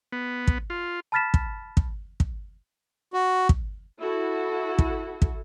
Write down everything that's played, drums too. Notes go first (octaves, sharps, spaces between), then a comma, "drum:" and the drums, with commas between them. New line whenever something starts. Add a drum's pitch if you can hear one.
B3
drum: kick
F4
A5 B5 F6 A6 B6 E7
drum: kick
drum: kick
drum: kick
F#4
drum: kick
E4 F#4 A4
drum: kick
drum: kick